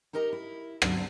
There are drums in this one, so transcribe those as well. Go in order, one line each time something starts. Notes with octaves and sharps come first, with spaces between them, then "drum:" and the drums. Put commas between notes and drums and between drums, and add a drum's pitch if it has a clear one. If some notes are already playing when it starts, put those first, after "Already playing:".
D#4 G4 A#4 D#5 A#5
E4
D2 G2 D3 F#3 C4 D4, drum: rim click